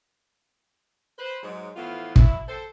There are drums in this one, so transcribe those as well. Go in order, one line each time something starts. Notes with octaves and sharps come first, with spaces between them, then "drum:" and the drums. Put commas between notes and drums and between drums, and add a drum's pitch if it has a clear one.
B4 C5
G#2 F#3
A2 E3 F3 B3 F4
B2 F#3 E4, drum: kick
A4 C5